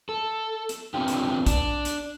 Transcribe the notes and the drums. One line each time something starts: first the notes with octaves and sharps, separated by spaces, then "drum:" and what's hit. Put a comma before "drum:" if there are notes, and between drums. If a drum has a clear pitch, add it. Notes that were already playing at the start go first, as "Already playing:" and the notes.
A4
drum: hi-hat
B3 C4 D4 F4 G4
drum: hi-hat
D4, drum: kick, hi-hat
drum: hi-hat